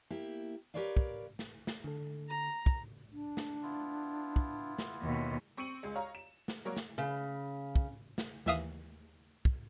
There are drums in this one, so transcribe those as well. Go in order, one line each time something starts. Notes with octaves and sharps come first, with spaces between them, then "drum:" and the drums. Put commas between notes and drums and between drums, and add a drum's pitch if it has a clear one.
A#3 E4 G4
G4 A#4 B4 C#5 D5 F5
drum: kick
drum: snare
drum: snare
D3 A4
A#5
drum: kick
D4
drum: snare
B3 E4 F4
drum: kick
drum: snare
D#2 B2
C4 C#6 C#7 D#7 F#7
C#2 G#3
C#5 F5 A#5
E7
drum: snare
F#3 A#3 A#4 C#5
drum: snare
C#3
drum: kick
drum: snare
D#2 E3 E5 F5 D#6, drum: snare
drum: kick